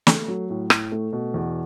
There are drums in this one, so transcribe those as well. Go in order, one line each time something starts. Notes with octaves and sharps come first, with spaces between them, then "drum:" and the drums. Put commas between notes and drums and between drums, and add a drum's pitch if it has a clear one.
A3, drum: snare
F#3
A2
A2, drum: rim click
A3
B2
E2